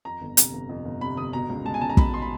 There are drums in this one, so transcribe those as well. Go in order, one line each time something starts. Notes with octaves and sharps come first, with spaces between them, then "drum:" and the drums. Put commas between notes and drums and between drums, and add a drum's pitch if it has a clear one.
F2 A#5
G1
C3, drum: hi-hat
G1
F2
G1
C3 B5
G1 D#6
B2 A#5
C#2
G#3 A5
G#5
C#2 A5
A#5
B2 B5, drum: kick
C6
B5